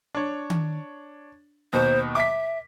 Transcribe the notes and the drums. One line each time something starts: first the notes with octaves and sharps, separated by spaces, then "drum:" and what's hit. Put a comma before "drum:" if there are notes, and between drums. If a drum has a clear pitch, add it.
D4 C#5
drum: tom D#3
D#2 B2 C5
E5 D6 B6